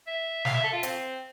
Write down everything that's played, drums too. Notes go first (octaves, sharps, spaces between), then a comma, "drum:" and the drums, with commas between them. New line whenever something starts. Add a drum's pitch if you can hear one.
E5
F5, drum: snare
E5
A4
F4
C4, drum: hi-hat